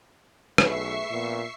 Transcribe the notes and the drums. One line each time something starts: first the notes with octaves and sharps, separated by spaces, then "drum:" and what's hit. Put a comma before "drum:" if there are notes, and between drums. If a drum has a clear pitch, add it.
B1 A3 G#4 B4 E5 C#6 C7, drum: rim click
A#1 A#2 B3